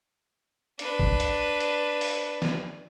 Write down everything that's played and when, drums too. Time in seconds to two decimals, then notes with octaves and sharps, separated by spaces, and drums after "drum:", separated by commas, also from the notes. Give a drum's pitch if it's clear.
0.79 D4 B4, drum: hi-hat
1.00 drum: kick
1.20 drum: hi-hat
1.61 drum: hi-hat
2.01 drum: open hi-hat
2.42 drum: snare